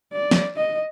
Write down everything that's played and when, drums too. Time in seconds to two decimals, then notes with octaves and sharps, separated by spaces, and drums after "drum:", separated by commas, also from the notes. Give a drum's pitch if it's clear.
0.13 D5
0.31 drum: snare
0.57 D#5